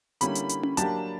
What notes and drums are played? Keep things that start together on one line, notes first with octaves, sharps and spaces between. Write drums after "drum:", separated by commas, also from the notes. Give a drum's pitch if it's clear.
D3 G3 A#3 C#4 E4 B5, drum: hi-hat
drum: hi-hat
drum: hi-hat
drum: tom C#4
F#3 A#3 D4 G4 A5, drum: hi-hat